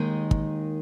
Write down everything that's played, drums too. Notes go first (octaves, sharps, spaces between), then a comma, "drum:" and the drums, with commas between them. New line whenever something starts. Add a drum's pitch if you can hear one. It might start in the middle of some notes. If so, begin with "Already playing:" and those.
Already playing: D#2 D#3 G#3
drum: kick